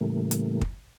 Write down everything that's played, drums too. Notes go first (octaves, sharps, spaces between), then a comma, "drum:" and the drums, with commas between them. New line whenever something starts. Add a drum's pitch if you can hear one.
A2 C#3 E3 G3 A3 A#3
drum: hi-hat
drum: kick